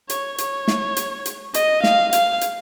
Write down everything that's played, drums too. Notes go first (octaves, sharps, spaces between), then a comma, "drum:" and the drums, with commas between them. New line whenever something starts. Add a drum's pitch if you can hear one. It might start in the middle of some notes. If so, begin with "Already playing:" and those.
C#5, drum: hi-hat
C#5, drum: hi-hat
drum: snare
drum: hi-hat
drum: hi-hat
D#5, drum: hi-hat
F5, drum: snare
F5, drum: hi-hat
drum: hi-hat